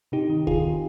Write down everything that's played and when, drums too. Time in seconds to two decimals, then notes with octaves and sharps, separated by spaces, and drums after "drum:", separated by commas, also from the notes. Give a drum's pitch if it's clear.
0.12 C3 D#4 G4
0.30 D#3
0.47 D#3 F4 G#4, drum: kick C#2
0.63 C3